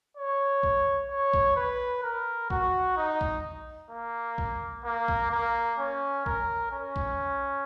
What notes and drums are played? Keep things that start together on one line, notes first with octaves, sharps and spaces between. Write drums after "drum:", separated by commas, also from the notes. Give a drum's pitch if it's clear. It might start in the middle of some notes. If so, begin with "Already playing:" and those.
C#5
drum: kick A#1
C#5
drum: kick A#1
B4
A#4
F#4, drum: kick A#1
D#4
drum: kick A#1
A#3
drum: kick A#1
A#3
drum: kick A#1
A#3
C#4
A#4, drum: kick A#1
C#4
drum: kick A#1